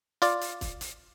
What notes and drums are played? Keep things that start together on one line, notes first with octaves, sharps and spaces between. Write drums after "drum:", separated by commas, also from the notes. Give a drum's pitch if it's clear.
F4 D5, drum: hi-hat
drum: hi-hat
drum: kick, hi-hat
drum: hi-hat